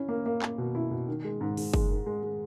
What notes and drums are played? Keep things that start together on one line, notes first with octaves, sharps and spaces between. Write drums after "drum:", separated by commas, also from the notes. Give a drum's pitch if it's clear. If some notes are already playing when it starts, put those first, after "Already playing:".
Already playing: C#4 E4
A#3
A#3
A#3, drum: clap
B2
E4
B2
D#3
G#3
G#2
G#2, drum: open hi-hat
G#3, drum: kick F#1
D#3
G#3
G#3